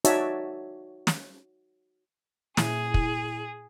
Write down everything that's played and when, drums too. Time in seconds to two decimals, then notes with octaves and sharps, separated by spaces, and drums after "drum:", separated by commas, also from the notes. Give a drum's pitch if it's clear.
0.05 D#4 F#4 C#5 D5 E5 A5, drum: hi-hat
1.07 drum: snare
2.57 A#2 E4 G#4, drum: snare
2.94 drum: kick